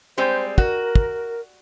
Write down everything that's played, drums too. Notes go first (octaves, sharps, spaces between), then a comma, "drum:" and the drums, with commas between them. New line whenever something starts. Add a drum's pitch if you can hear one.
G3 G#3 C4 C5
F#4 A#4, drum: kick
drum: kick